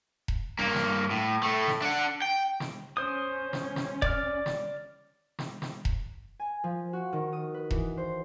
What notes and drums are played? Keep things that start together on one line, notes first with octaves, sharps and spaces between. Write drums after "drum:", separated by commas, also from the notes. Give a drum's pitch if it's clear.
drum: kick E1
G2 A#3
drum: snare
A2
A2 A3
drum: snare
D4 F#5
G5
drum: snare
C#4 C5 D#6
drum: snare
drum: snare
D5 D6 F6, drum: kick E1
drum: snare
drum: snare
drum: snare
drum: kick E1
G#5
F3
F#4
D#3
D#6
B4
E3, drum: kick E1
C5